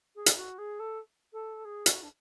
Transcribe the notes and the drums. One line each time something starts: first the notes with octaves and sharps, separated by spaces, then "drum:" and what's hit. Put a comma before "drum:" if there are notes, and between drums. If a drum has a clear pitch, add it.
G#4
drum: hi-hat
F#4
G#4
A4
A4
G#4
F#4, drum: hi-hat
D4